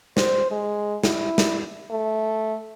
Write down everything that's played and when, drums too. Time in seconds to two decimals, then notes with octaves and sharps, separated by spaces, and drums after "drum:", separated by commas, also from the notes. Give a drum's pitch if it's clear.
0.17 C5, drum: snare
0.51 G#3
1.04 E4, drum: snare
1.38 drum: snare
1.90 A3